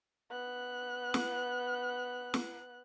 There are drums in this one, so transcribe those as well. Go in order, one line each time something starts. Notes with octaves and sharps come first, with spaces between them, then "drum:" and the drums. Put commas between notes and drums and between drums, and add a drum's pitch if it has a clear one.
B3 F#6
drum: snare
drum: snare